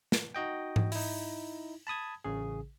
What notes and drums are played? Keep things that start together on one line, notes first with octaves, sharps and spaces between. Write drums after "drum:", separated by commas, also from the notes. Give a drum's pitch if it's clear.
drum: snare
D#4 F#4 D#5 G5
drum: tom G#2
D#4 E4, drum: open hi-hat
A5 B5 D#6 G#6
A1 C#3 G#4